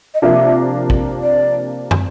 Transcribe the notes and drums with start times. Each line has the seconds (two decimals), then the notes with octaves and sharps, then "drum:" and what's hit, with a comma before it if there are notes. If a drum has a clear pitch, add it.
0.14 D#5
0.22 C3 F3 A#3 D4 E5
0.90 drum: kick
1.23 D5
1.91 drum: tom